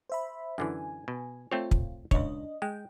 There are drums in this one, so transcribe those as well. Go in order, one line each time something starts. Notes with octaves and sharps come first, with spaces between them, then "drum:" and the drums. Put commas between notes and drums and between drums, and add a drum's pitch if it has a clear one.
C5 E5 B5
F#2 D3 E3 G#5
B2
A3 C4 F4 C#5
drum: kick
C#2 D4 C#5 D#5, drum: kick
G#3 G5